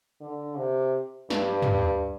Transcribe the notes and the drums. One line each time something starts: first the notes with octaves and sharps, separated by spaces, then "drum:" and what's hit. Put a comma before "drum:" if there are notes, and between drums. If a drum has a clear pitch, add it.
D3
C3
G2, drum: snare
drum: tom